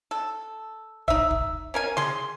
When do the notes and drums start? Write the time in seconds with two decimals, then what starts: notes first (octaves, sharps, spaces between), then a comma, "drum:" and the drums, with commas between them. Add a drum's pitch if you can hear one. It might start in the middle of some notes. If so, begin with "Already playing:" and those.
0.11 A4
1.08 D#4 E5, drum: kick
1.31 drum: kick
1.74 C#4 A#4 G#5
1.97 G#4 C6, drum: snare